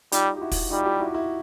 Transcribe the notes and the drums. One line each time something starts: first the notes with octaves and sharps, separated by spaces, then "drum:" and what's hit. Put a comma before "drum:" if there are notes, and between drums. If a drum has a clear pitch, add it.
G3 D#4 F4, drum: hi-hat
G4
E4 F#4
drum: kick, open hi-hat
G3 D#4 F4
F4 G4
E4 F#4
E4 F#4